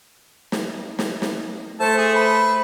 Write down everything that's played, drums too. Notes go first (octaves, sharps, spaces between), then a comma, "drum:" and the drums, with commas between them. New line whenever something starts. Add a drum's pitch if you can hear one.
drum: snare
drum: snare
drum: snare
A3 C5 A5
G#4
B4